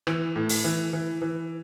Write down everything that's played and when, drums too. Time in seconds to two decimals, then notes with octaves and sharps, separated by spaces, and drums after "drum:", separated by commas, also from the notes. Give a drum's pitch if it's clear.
0.07 E3, drum: rim click
0.36 A2
0.49 drum: open hi-hat
0.64 E3
0.93 E3
1.22 E3